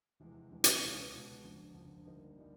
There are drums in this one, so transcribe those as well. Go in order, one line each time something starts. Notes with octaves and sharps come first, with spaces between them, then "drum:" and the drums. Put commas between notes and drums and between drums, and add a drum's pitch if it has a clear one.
F1 E2 C3 E3 G#3
F1 E2 C3 E3 G#3
drum: hi-hat
C#2 B2 G#3 B3
C#2 B2 G#3 B3
F#1 F2 D3 F3
F#1 F2 D3 F3
D2 D3 G3 A#3 D#4
D3 G3 A#3 D#4